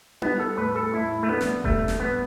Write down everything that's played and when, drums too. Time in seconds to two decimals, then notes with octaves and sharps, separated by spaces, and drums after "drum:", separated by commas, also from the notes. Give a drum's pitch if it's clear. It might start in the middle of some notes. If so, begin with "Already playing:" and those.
0.22 G3 B3, drum: tom D4
0.40 A4
0.57 A2 B4
0.75 A4
0.94 A2 E4
1.23 A3
1.28 B3 D4
1.41 drum: snare
1.64 G3 A3, drum: kick E1
1.88 drum: snare
1.99 A2 B3